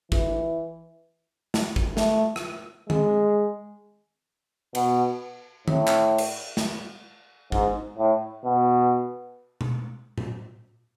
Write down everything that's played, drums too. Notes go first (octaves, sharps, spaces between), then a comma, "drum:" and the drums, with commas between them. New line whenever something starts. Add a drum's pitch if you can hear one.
E3, drum: kick
drum: snare
drum: kick
A3, drum: snare
drum: rim click
G#3, drum: tom D#3
B2, drum: cymbal
A2, drum: tom D#3
drum: clap
drum: cymbal
drum: snare
G#2, drum: kick
A2
B2
drum: tom B2
drum: tom A#2